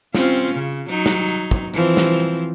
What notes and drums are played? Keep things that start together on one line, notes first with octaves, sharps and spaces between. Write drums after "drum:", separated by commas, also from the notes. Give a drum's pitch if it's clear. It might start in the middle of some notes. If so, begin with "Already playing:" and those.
C4 C#4 F4, drum: snare
drum: hi-hat
C#3
F#3 D#4
drum: snare
drum: hi-hat
drum: kick, hi-hat
E3 F3 C4, drum: hi-hat
drum: snare
drum: hi-hat